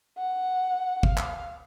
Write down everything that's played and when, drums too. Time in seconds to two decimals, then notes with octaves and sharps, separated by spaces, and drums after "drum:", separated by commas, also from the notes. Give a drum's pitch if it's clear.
0.18 F#5
1.03 F5, drum: kick
1.17 drum: clap